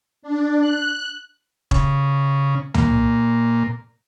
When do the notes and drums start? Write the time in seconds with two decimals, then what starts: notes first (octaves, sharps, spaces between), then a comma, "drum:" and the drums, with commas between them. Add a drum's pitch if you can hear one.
0.22 D4
0.59 F#6
1.71 C#3, drum: kick E1
2.74 A#2, drum: tom C#2